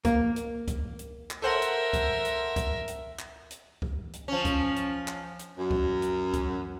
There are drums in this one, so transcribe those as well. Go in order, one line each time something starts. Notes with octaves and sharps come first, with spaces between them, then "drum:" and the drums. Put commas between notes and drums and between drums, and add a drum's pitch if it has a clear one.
A#3, drum: kick C#2, hi-hat
drum: hi-hat
drum: kick C#2, hi-hat
drum: hi-hat
drum: clap
A4 A#4 C5 E5 F#5
drum: hi-hat
drum: kick C#2, hi-hat
drum: hi-hat
drum: kick C#2, hi-hat
drum: hi-hat
drum: clap
drum: hi-hat
drum: kick C#2
drum: hi-hat
F3 C#4
drum: kick C#2, hi-hat
drum: hi-hat
drum: clap
drum: hi-hat
F#2
drum: kick C#2
drum: hi-hat
drum: kick C#2, hi-hat